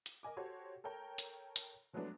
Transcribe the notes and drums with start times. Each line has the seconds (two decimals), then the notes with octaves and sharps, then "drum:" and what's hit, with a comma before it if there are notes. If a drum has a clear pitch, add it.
0.06 drum: hi-hat
0.23 A#4 D#5 G#5 D6
0.37 F#4 G4 A4 C5 C#5
0.84 A4 A#4 C#5 G5 A#5
1.18 drum: hi-hat
1.56 drum: hi-hat
1.93 F3 F#3 G#3 A3 B3 D4